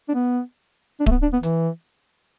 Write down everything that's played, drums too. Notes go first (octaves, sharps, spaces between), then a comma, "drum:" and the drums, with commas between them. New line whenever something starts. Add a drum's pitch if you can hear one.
D4
B3
D4
A3, drum: kick D1
B3
D4
B3
E3, drum: hi-hat